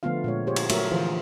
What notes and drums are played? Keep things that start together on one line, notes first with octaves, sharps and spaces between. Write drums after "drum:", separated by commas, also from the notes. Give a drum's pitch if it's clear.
D3 F3 A3 B3 F4 F5
A#2 G#3 C#5
F4 G4 G#4 C5 C#5
drum: cymbal
F#3 A3 F#4 A#4 C#5 E5, drum: cymbal
D3 E3 F3 F4 G#4 C5